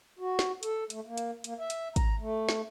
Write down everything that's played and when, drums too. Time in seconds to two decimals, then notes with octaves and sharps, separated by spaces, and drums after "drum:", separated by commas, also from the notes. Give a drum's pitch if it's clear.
0.19 F#4
0.39 drum: snare
0.63 A4, drum: hi-hat
0.90 A3, drum: hi-hat
1.06 A#3
1.18 drum: hi-hat
1.44 A#3, drum: hi-hat
1.60 E5
1.70 drum: hi-hat
1.96 A#5, drum: kick, hi-hat
2.20 A3
2.49 drum: snare